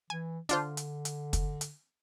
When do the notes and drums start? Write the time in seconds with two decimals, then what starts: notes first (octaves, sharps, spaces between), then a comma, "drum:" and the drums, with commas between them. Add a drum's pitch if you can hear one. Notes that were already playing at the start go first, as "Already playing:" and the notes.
0.10 E3 G#5
0.49 D3 D4 F4 C5, drum: hi-hat
0.77 drum: hi-hat
1.05 drum: hi-hat
1.33 drum: kick, hi-hat
1.61 drum: hi-hat